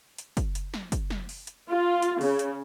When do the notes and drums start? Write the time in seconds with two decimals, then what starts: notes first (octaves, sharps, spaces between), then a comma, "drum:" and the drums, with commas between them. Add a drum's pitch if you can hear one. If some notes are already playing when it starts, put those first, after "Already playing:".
0.18 drum: hi-hat
0.37 drum: kick, hi-hat
0.55 drum: hi-hat
0.74 drum: snare
0.92 drum: kick, hi-hat
1.10 drum: snare
1.29 drum: open hi-hat
1.47 drum: hi-hat
1.70 F4
2.02 drum: hi-hat
2.21 C#3, drum: open hi-hat
2.39 drum: hi-hat